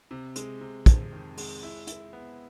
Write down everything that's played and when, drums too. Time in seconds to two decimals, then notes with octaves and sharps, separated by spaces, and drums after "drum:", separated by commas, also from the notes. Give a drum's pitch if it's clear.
0.11 C3
0.36 G#3, drum: hi-hat
0.61 C3
0.86 F2, drum: kick, hi-hat
1.12 D#3
1.37 G#3, drum: open hi-hat
1.63 E4
1.87 E4, drum: hi-hat
2.13 B3